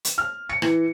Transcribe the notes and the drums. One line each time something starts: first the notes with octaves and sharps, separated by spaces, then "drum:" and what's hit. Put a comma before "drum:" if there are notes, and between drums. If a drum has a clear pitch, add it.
drum: hi-hat
F6
C#7
E3, drum: rim click